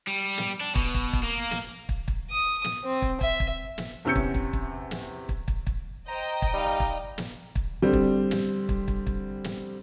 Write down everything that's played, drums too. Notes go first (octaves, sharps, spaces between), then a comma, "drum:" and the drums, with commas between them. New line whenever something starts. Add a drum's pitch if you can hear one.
G3
drum: snare
D4
B2, drum: kick
drum: kick
drum: kick
A#3
drum: snare
drum: kick
drum: kick
D#6
drum: snare
C4
drum: kick
E5, drum: kick
drum: kick
drum: snare
E2 C3 C#4 E6 G6 C#7
drum: kick
drum: kick
drum: kick
drum: snare
drum: kick
drum: kick
drum: kick
C5 D#5 G5 A#5
drum: kick
G3 D#4 F5
drum: kick
drum: snare
drum: kick
D3 G3 C4
drum: kick
drum: snare
drum: kick
drum: kick
drum: kick
drum: snare